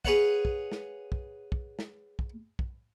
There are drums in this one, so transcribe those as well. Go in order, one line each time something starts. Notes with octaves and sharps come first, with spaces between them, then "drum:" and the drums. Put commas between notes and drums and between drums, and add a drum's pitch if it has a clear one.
G#4 B4 C#5 F5 F#5, drum: kick
drum: kick
drum: snare
drum: kick
drum: kick
drum: snare
drum: kick
drum: kick